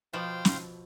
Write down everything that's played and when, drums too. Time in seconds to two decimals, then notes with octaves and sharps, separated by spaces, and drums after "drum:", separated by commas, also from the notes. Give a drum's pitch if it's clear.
0.13 B2 F3 C5 F5 G5
0.45 drum: snare